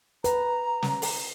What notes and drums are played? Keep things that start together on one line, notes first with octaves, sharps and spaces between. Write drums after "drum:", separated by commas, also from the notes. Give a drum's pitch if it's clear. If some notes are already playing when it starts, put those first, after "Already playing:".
B4 A#5, drum: hi-hat
drum: snare
drum: open hi-hat